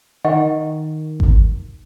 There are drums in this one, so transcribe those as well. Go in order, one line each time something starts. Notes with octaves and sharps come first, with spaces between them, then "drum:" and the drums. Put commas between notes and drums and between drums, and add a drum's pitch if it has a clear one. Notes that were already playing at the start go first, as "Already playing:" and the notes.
D#3 D#5 F#5 C#6
drum: kick G#1